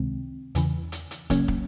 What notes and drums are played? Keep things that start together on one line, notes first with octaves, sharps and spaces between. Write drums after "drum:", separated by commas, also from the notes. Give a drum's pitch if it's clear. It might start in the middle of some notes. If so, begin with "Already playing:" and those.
Already playing: C#2 C3 D#3 G#3 C4
E2 C#3 E3, drum: hi-hat
drum: hi-hat
drum: hi-hat
C#3 F#3 A#3 C#4, drum: kick, hi-hat
drum: kick